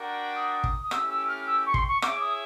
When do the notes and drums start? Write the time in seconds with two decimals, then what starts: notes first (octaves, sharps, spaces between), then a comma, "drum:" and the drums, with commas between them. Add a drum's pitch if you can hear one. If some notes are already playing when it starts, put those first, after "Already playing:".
Already playing: D4 F#4 A#4 D5 G5
0.36 D#6
0.64 drum: kick
0.83 D#6
0.91 A3 C#4 E4 G4 E6, drum: rim click
1.10 E6
1.28 F6
1.47 E6
1.67 C#6
1.74 C6, drum: kick
1.88 C#6
2.02 E4 G#4 C#5 E5 D6, drum: rim click
2.21 D#6